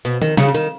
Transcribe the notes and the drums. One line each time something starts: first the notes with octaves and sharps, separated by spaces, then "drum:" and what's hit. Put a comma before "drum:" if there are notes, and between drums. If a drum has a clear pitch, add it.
B2, drum: hi-hat
D#3, drum: tom D#3
C#3, drum: snare
D#3, drum: hi-hat